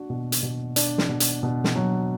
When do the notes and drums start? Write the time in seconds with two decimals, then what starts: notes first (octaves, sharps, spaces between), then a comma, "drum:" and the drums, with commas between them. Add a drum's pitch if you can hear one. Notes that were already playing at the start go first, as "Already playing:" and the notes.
Already playing: D4 F#4
0.10 B2
0.32 drum: hi-hat
0.43 B2
0.76 D4, drum: hi-hat
0.98 drum: snare
1.09 B2
1.20 drum: hi-hat
1.43 B2
1.64 drum: snare
1.75 F#3